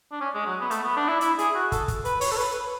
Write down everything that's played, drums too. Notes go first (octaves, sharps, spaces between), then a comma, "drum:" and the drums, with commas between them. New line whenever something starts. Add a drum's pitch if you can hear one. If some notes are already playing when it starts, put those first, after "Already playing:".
D4
C#4
G#3
F#3
B3
A3, drum: hi-hat
B3
D4
E4
E4, drum: hi-hat
G#4, drum: hi-hat
F#4
A4, drum: kick, hi-hat
drum: kick, hi-hat
B4, drum: hi-hat
C#5, drum: open hi-hat
A4
B4
B4